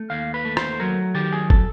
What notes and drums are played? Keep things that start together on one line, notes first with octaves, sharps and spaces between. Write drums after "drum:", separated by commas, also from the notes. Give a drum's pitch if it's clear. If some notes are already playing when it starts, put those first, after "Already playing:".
Already playing: A3
D#2 F5
B4
A3
C5, drum: rim click
F#3 A#4
D#3 G4
G#4
A4, drum: kick